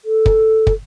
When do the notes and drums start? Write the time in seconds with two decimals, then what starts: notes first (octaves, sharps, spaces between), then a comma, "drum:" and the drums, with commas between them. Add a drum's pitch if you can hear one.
0.05 A4
0.26 drum: kick
0.67 drum: kick